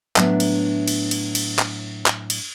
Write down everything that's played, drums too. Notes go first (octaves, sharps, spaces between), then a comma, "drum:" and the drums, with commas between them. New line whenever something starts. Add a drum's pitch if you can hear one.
A2 F#3 B3 D4 E5, drum: clap
drum: cymbal
drum: cymbal
drum: cymbal
drum: cymbal
drum: clap
drum: clap
drum: cymbal